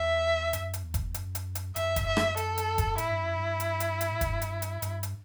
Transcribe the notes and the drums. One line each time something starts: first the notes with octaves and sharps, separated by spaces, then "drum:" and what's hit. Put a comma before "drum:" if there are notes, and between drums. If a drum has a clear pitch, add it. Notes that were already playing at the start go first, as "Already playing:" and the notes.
Already playing: E2 E5
F#2, drum: hi-hat
drum: hi-hat
E2
drum: kick F1, hi-hat
F#2, drum: hi-hat
drum: hi-hat
drum: hi-hat
F#2 E5, drum: hi-hat
drum: kick F1, hi-hat
E5
drum: rim click
A4, drum: hi-hat
drum: hi-hat
drum: kick F1, hi-hat
A2 E4, drum: hi-hat
G2
F#2
G2
drum: hi-hat
drum: hi-hat
drum: hi-hat
A2
G2, drum: kick F1, hi-hat
drum: hi-hat
drum: hi-hat
G2, drum: hi-hat
drum: hi-hat